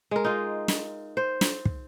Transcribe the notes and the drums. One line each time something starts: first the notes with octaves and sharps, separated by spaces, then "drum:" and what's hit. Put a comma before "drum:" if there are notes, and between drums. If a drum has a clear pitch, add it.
G#3 A#4
D#4 F4
drum: snare
C5
drum: snare
drum: kick